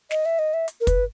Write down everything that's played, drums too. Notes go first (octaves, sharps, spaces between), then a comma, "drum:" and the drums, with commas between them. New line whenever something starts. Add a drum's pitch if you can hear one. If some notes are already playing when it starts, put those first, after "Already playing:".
D#5, drum: snare
E5
D#5
E5
drum: hi-hat
A#4
B4, drum: kick, hi-hat